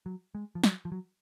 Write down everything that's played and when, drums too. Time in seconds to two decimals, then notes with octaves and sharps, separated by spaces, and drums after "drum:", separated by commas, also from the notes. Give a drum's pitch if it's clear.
0.06 F#3
0.35 G#3
0.55 F3
0.64 F#3, drum: snare
0.85 F3
0.92 F#3